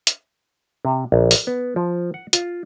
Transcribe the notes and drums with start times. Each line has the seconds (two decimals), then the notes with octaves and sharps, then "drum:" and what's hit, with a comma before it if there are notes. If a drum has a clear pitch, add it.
0.07 drum: hi-hat
0.85 C3
1.12 A#1
1.31 drum: open hi-hat
1.47 B3
1.76 F3
2.14 F#5
2.33 F4, drum: hi-hat